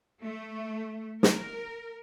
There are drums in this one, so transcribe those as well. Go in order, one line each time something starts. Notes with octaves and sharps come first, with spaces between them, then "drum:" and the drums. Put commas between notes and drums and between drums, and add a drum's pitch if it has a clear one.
A3
A#4, drum: snare